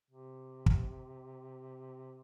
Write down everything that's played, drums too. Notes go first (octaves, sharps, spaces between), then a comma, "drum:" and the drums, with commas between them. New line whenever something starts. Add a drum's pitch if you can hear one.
C3
drum: kick